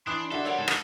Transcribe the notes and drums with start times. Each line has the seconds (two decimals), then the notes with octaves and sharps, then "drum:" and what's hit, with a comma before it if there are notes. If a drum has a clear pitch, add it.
0.07 E3 D4 C6 D#6 F#6
0.31 D3 D4 F#4 A4 E5
0.45 G3 A#4 C#5 F#5
0.58 G#2 A4
0.68 drum: rim click